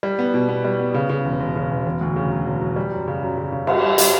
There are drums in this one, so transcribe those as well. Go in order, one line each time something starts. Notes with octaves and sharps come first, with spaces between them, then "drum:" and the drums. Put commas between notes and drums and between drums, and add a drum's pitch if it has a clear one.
G3
B3
B2
B3
G3
B3
C#3
C#3
E1
E1
C#3
E1
E1
D2
C#3
F#3
E1
F#3
G3
F#2
C#3
F#2
C#3
C#3
G3, drum: cymbal
G3
G3, drum: hi-hat